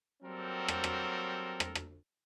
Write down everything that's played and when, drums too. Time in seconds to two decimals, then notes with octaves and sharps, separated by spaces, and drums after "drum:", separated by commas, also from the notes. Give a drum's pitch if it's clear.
0.23 F#3 G3 A#3 C4 A4 A#4
0.68 drum: rim click
0.84 drum: rim click
1.60 drum: rim click
1.75 drum: rim click